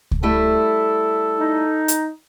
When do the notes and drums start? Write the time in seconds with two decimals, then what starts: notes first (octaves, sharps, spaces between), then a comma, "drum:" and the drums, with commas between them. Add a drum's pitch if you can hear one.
0.11 drum: kick C#2
0.23 G3 A3 E4 A4
1.39 D#4
1.88 drum: hi-hat